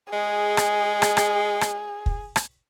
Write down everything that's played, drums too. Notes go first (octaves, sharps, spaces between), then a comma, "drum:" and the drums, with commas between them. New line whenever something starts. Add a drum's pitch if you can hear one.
G#3 G#4
drum: rim click
drum: rim click
drum: rim click
drum: rim click
drum: kick
drum: rim click